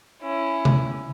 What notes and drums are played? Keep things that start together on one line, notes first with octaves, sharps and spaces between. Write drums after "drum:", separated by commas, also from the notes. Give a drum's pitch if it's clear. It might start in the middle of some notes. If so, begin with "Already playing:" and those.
C#4 E4
drum: tom C3